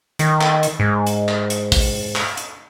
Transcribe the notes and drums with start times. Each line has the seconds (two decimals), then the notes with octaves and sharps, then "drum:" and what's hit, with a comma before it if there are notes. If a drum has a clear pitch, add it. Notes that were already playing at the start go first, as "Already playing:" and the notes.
0.19 D#3, drum: hi-hat
0.41 drum: clap
0.63 drum: hi-hat
0.79 G#2
1.07 drum: hi-hat
1.28 drum: clap
1.50 drum: hi-hat
1.72 drum: kick, open hi-hat
2.16 drum: clap
2.37 drum: hi-hat